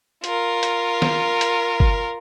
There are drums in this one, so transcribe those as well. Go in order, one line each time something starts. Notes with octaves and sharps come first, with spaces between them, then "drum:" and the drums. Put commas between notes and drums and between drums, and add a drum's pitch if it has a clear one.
F4 A#4, drum: hi-hat
drum: hi-hat
drum: snare
drum: hi-hat
drum: kick G1